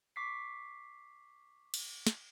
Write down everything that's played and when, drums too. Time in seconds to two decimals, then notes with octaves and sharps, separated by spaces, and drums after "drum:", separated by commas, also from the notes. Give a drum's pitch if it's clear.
0.16 C#6 D6 B6 C7
1.74 drum: cymbal
2.07 drum: snare